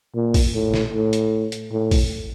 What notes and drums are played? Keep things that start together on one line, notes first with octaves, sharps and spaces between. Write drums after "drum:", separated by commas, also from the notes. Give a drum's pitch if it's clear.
A#2
drum: kick, open hi-hat
A2
drum: snare
A2
drum: hi-hat
drum: hi-hat
A2
drum: kick, open hi-hat